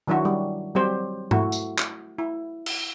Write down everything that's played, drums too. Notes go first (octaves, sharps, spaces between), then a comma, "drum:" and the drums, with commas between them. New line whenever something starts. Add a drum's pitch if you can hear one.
D#3 F#3 D4 E4 F#4
G3
F#3 G3 C4 G4 C5
A3 E4 F#4, drum: tom G#2
drum: tambourine
drum: clap
E4
drum: cymbal